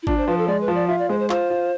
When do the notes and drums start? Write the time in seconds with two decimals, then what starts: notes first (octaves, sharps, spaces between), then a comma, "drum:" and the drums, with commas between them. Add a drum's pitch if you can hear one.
0.03 E4
0.07 D4 F4, drum: kick G#1
0.18 C5
0.28 F3 B4
0.38 A4
0.47 G#3 D5
0.61 B4
0.68 F3
0.75 D5
0.88 F4 E5
0.99 D5
1.09 G#3 C5
1.20 C5
1.30 F4 C5, drum: clap
1.50 F4